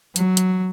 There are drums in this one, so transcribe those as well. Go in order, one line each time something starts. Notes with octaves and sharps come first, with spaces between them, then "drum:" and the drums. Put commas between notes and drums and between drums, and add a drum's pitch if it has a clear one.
F#3, drum: hi-hat
drum: hi-hat